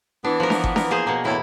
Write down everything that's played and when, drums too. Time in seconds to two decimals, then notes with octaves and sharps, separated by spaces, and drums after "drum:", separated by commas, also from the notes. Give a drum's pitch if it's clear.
0.24 E3 B3 D4
0.40 F3 A#4
0.50 drum: snare D4
0.64 drum: kick G1
0.76 A#4, drum: snare D4
0.91 A#3 G#4 C5
1.07 B2 A#3
1.25 E2 A2 E4